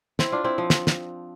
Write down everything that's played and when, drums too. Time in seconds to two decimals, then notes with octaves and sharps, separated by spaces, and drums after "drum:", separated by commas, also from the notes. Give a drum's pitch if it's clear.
0.19 C4 E4, drum: snare
0.32 D4 F4
0.44 C4 E4
0.58 F3
0.70 drum: snare
0.87 drum: snare